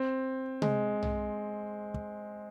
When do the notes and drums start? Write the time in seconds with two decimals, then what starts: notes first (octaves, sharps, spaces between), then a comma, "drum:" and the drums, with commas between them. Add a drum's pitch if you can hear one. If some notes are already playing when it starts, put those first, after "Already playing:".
Already playing: C4
0.62 G#3, drum: tom C3
1.03 drum: tom B1
1.94 drum: kick